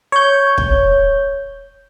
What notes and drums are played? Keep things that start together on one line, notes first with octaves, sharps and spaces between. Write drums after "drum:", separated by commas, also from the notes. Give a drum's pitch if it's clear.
C#5 G6
drum: kick